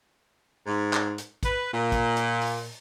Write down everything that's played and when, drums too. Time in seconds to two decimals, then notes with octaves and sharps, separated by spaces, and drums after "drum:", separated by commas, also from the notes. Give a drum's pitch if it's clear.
0.66 G#2
0.93 drum: clap
1.18 drum: hi-hat
1.43 B4, drum: kick, hi-hat
1.73 A#2
1.92 drum: kick, hi-hat
2.17 drum: hi-hat
2.41 drum: open hi-hat